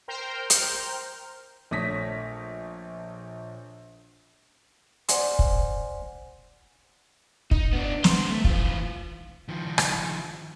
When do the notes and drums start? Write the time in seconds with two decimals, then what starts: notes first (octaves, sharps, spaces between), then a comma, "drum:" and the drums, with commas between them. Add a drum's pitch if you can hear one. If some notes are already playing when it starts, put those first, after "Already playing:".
0.08 A#4 C5 G5 F6 G6
0.50 drum: hi-hat
1.71 A#1 A3 C#5 D#6 A#6 B6
5.09 C5 D5 F#5 G#5 C6, drum: hi-hat
5.39 drum: kick
7.51 D#4, drum: kick
7.73 B3 D4
8.04 B3 C5, drum: snare
8.30 A3
8.44 E3 F4, drum: kick
9.48 D#3 F3
9.78 drum: rim click